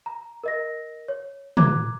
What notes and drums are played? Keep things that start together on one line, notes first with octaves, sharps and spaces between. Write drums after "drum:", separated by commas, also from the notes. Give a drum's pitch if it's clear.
A#5
A#4 D#5 A#6
C#5
A#5 D6 F#6 G#6, drum: tom